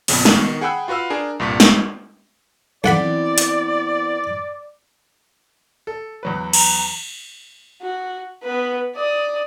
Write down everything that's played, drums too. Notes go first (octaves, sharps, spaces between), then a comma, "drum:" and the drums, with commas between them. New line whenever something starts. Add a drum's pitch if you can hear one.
A#1 F2 C#3 B3 C#4, drum: open hi-hat
drum: snare
B2 D#3
G#4 F#5 G5 B5 E6 F#6
F4 F#4 B4 F5 E6
D4 G#4 A#4
C2 G2 A#2 C#6 B6
drum: snare
B1 E3 B3 C4 D5 F#5 B5
drum: hi-hat
A4
E2 F#3 B4
A#5, drum: cymbal
F#4
B3 B4
D5 D#6